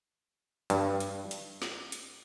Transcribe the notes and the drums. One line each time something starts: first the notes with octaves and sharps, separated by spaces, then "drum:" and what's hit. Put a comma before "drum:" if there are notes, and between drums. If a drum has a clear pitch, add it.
G2, drum: hi-hat
drum: hi-hat
drum: hi-hat
drum: snare
drum: hi-hat